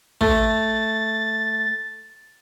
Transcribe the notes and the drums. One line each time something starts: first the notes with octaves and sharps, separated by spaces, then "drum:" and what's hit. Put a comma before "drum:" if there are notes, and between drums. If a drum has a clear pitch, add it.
A3 A6, drum: kick